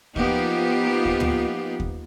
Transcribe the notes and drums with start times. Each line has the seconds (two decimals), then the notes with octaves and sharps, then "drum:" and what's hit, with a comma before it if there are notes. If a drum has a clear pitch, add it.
0.16 F3 A#3 B3 D#4 F4 G4, drum: kick D#2
1.05 drum: kick D#2
1.20 drum: tom
1.80 drum: kick D#2